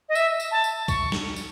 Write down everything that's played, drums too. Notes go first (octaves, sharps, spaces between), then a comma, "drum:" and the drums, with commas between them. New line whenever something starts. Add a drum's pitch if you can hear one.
D#5
E5, drum: tambourine
drum: tambourine
A5
drum: tambourine
C#6, drum: kick, tambourine
drum: snare
drum: tambourine